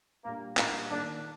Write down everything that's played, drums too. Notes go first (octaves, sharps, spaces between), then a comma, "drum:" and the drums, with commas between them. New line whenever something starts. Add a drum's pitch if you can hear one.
A#2 G3 A#3 D4 F4
A#2 G3 A#3 D4 F4, drum: clap
D#3 A#3 D4 F4